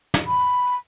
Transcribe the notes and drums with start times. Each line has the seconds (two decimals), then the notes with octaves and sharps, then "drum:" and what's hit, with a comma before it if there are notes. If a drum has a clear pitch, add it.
0.14 drum: snare
0.27 B5